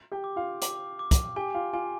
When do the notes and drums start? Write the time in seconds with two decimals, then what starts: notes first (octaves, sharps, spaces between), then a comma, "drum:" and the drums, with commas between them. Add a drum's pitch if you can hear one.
0.12 G4 G5
0.24 D6
0.36 F4 F5
0.62 D6, drum: hi-hat
0.99 D6
1.11 drum: kick, hi-hat
1.36 G4 G5 G#5
1.54 F4 F5
1.73 F4 F5 G#5